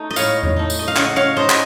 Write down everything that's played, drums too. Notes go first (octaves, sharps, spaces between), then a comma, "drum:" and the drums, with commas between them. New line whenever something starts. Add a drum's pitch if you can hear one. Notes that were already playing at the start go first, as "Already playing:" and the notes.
Already playing: A3 D#4
D#5
A2 C#5 F5, drum: tambourine
drum: tom E2
A3 D#4
drum: tambourine
D#5
F5
C#3 D#5 F#5, drum: clap
C#5 F5
A3 D#4 C5 D#5
drum: clap